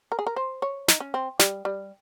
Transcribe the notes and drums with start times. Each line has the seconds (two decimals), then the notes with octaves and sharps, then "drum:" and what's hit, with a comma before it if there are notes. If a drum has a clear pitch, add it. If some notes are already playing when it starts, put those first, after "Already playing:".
0.12 A#4
0.19 G#4
0.27 A#4
0.36 C5
0.62 C#5
0.88 D#4, drum: snare
1.00 C#4
1.14 C4
1.39 G3, drum: snare
1.65 G3